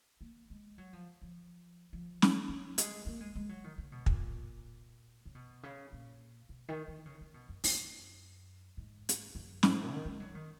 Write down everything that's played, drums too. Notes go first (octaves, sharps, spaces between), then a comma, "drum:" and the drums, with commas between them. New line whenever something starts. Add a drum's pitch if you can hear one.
A#3
G#3
F#3
F3
F3
F3
drum: snare
F#3
G#3, drum: hi-hat
A#3
G#3
G#3
F#3
D#3
C#3
B2
A#2, drum: kick
C#3
B2
C#3
A#2
B2
D#3
D#3
C#3
C#3
B2
F#2
F#2, drum: open hi-hat
G#2
drum: hi-hat
F#2
G#2, drum: snare
D#3
G#3
F#3
D#3